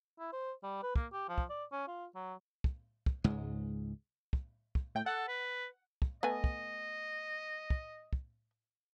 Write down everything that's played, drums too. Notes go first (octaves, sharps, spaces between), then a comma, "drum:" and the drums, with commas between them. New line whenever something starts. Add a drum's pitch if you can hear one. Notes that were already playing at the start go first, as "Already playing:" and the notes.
E4
C5
G3
B4
A#3, drum: kick
G4
F3
drum: kick
D5
C#4
F4
F#3
drum: kick
drum: kick
C#2 G#2 G#3
drum: kick
drum: kick
A2 G5
A4 F#5
B4
drum: kick
A3 B3 D#5 G#5
drum: kick
drum: kick
drum: kick